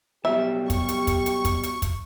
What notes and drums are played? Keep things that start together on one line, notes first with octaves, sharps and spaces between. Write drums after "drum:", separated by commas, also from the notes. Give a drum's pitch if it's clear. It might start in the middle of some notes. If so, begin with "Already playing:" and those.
B2 F#3 G3 G4 E5
C#6, drum: kick, hi-hat
drum: hi-hat
drum: kick, hi-hat
drum: hi-hat
drum: kick, hi-hat
drum: hi-hat
drum: kick, hi-hat